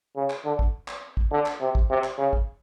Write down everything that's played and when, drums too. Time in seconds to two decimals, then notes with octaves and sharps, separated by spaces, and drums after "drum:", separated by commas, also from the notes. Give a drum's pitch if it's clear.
0.16 C#3
0.30 drum: clap
0.45 D3
0.59 drum: kick
0.88 drum: clap
1.17 drum: kick
1.32 D3
1.46 drum: clap
1.61 C3
1.75 drum: kick
1.90 C3
2.04 drum: clap
2.18 C#3
2.33 drum: kick